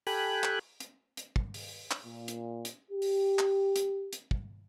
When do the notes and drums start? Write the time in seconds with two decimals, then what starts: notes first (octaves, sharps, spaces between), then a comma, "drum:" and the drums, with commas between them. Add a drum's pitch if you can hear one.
0.07 G4 A4 G5 G#5 B5 F#6, drum: open hi-hat
0.44 drum: clap
0.80 drum: hi-hat
1.17 drum: hi-hat
1.36 drum: kick
1.54 drum: open hi-hat
1.91 drum: clap
2.05 A#2
2.28 drum: hi-hat
2.65 drum: hi-hat
2.91 G4
3.02 drum: open hi-hat
3.39 drum: clap
3.76 drum: hi-hat
4.13 drum: hi-hat
4.31 drum: kick